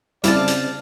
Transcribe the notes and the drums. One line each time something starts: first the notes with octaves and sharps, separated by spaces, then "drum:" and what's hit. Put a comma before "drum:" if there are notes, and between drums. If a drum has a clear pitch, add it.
C#3 G3 C4 E4 D5 F5 G5 A5, drum: hi-hat
drum: hi-hat